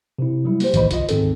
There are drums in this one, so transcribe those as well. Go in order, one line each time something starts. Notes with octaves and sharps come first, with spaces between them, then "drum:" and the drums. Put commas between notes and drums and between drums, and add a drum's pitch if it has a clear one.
C3 E4
F#3 G3 E4
A#3 G4 C5, drum: open hi-hat
A2 D#3 E3 C5 D#5 B5, drum: kick, hi-hat
G1 F4 D#5, drum: kick, hi-hat
D2 G#2 D#3 C4 G#4 A4, drum: hi-hat